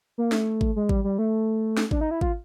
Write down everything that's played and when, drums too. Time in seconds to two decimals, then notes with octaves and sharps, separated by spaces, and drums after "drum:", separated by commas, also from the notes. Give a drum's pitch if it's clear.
0.18 A#3
0.32 A3, drum: snare
0.61 drum: kick G#1
0.76 G#3
0.89 G3, drum: kick G#1
1.04 G3
1.18 A3
1.77 drum: snare
1.91 D4, drum: kick G#1
2.01 D#4
2.11 E4
2.21 F4, drum: kick G#1